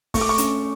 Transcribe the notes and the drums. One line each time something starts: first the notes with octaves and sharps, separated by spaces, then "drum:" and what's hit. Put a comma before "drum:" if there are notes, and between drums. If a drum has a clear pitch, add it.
A3 C#6, drum: kick, open hi-hat
D6
C#6
C#4, drum: hi-hat